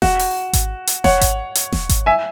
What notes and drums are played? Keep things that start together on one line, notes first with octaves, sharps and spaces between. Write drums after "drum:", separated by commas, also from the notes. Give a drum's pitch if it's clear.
F#4, drum: snare E1
drum: open hi-hat
drum: kick G#1, hi-hat
drum: hi-hat
C#5 F#5, drum: snare E1
drum: kick G#1, hi-hat
drum: hi-hat
drum: snare E1
drum: kick G#1, hi-hat
E5 G#5